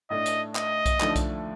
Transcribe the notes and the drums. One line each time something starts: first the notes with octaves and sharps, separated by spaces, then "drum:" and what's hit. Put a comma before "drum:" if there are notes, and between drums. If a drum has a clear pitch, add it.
A2 A3 D4 D#5
drum: hi-hat
D#5, drum: clap
drum: kick B1, hi-hat
D#2 D3 F3 A3 D4, drum: clap
drum: kick B1, hi-hat